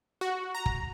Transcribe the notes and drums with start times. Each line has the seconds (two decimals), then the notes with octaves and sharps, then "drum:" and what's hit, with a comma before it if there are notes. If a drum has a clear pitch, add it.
0.21 F#4
0.55 A#5
0.66 drum: kick